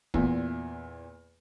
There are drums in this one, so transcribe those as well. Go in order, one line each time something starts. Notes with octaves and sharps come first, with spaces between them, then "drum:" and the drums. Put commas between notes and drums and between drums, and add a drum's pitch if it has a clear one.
E2 A#2, drum: kick